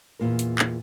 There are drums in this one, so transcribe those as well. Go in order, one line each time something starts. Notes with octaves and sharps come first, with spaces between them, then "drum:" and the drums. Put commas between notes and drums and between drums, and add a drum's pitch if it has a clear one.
E2 G2 A#2 A#4
drum: hi-hat
drum: clap